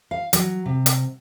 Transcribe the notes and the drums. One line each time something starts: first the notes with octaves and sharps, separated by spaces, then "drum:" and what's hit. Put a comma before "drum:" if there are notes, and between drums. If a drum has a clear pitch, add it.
F5
F#3, drum: hi-hat
C3
drum: hi-hat